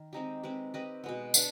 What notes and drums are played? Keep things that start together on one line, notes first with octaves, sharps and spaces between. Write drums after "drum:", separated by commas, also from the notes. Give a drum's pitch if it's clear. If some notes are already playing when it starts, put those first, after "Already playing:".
Already playing: D#3
G#3 C4 D#4 G4
G#3 C4 G4 B4
C4 G4 B4 D#5
B2 G#3 B3
B3 D4, drum: tambourine